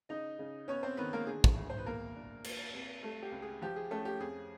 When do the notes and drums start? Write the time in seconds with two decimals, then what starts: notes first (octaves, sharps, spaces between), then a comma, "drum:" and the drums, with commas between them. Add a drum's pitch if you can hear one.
0.09 C#3 D#4 D#5
0.39 C#3
0.68 B3 C#4 C#5
0.83 C4 C5
0.97 D#3 B3 B4
1.13 A#3 A#4
1.27 D3 G#4
1.44 drum: kick
1.56 D2
1.70 C5
1.78 B4
1.86 B2 A#3 A#4
2.16 D4
2.44 A#3, drum: cymbal
2.74 C3
3.03 G3 A3 A4
3.23 G4
3.32 C#2
3.42 G#4
3.62 F3 G4
3.76 G#4
3.91 A3 C#4 A4
4.05 G4
4.20 F2 G#4